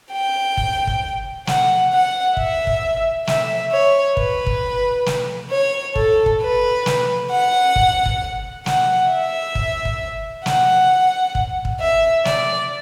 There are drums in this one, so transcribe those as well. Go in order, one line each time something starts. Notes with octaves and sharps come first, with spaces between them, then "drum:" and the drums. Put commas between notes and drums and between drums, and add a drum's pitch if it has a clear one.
G5
drum: kick
drum: kick
F#5, drum: snare
F#5
E5, drum: kick
drum: kick
E5, drum: snare
C#5
B4, drum: kick
drum: kick
drum: snare
C#5
A4, drum: kick
drum: kick
B4
drum: snare
F#5
drum: kick
drum: kick
F#5, drum: snare
E5
drum: kick
drum: kick
F#5, drum: snare
drum: kick
drum: kick
E5
D5, drum: snare